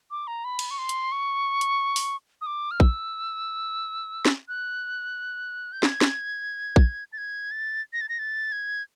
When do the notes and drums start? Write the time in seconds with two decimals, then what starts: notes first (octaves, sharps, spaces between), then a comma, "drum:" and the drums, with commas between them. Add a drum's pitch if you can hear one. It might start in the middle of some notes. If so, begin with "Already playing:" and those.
0.11 D6
0.27 A#5
0.44 B5
0.59 drum: cymbal
0.71 C#6
0.78 C6
0.89 drum: hi-hat
1.12 C#6
1.61 drum: hi-hat
1.96 drum: open hi-hat
2.41 D#6
2.46 D6
2.71 F6
2.80 E6, drum: kick A#1
4.25 drum: snare
4.48 F#6
5.72 G6
5.83 G#6, drum: snare
6.01 drum: snare
6.76 drum: kick A#1
7.13 A6
7.18 G#6
7.51 A6
7.93 A#6
8.01 A6
8.09 A#6
8.19 A6
8.52 G#6